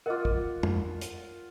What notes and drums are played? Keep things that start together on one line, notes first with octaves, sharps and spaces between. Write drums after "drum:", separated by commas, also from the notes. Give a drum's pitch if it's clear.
F4 A#4 D#5 F#5 D6
drum: kick
drum: tom
drum: hi-hat